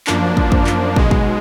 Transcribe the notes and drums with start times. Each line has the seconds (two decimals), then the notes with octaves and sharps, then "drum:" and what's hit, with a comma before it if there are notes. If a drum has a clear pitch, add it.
0.07 F#2 F3 A#3 D4, drum: clap
0.37 drum: kick
0.52 drum: kick
0.67 drum: clap
0.96 B1 B2 G#3, drum: kick
1.11 drum: kick